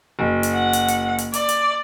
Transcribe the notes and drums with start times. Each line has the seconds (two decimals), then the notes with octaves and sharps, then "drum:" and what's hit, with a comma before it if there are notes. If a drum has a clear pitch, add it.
0.19 F#1
0.43 drum: hi-hat
0.52 F#5
0.73 drum: hi-hat
0.88 drum: hi-hat
1.18 drum: hi-hat
1.34 D5, drum: hi-hat
1.49 drum: hi-hat